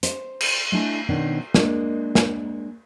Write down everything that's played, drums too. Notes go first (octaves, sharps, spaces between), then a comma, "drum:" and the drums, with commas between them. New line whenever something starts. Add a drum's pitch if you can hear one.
C5, drum: hi-hat
drum: cymbal
A3 D4 E4 D#5 G#5 A5
B2 D#3 C#4 D4
G#3 A#3 D4 A#4 D#5, drum: snare
drum: snare